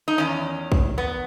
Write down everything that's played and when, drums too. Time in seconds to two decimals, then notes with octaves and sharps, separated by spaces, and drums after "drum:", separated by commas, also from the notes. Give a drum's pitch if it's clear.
0.08 D#4
0.18 E2 D#3 C#4
0.72 drum: kick
0.98 B3